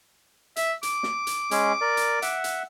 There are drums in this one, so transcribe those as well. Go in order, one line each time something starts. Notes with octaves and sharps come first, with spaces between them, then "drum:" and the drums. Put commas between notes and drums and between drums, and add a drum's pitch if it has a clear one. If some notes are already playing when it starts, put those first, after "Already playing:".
E5, drum: hi-hat
D6, drum: hi-hat
drum: snare
drum: hi-hat
G#3 C#4 G#4, drum: hi-hat
A#4 D5
drum: hi-hat
E5 F#5, drum: hi-hat
drum: hi-hat